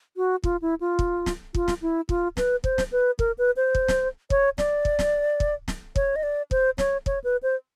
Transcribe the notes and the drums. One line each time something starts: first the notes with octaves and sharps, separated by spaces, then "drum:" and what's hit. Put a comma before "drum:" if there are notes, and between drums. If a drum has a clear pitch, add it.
F#4
F4, drum: kick
E4
F4
drum: kick
drum: snare
F4, drum: kick
drum: snare
E4
F4, drum: kick
B4, drum: snare
C5, drum: kick
drum: snare
B4
A#4, drum: kick
B4
C5
drum: kick
drum: snare
C#5, drum: kick
D5, drum: snare
drum: kick
drum: snare
drum: kick
drum: snare
C#5, drum: kick
D#5
D5
C5, drum: kick
C#5, drum: snare
C#5, drum: kick
B4
C5